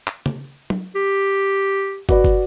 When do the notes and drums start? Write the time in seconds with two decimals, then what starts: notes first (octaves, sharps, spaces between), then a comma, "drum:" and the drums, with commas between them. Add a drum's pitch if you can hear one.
0.07 drum: clap
0.26 drum: tom C#3
0.70 drum: tom F#3
0.95 G4
2.09 F#4 B4 D5, drum: kick
2.24 drum: kick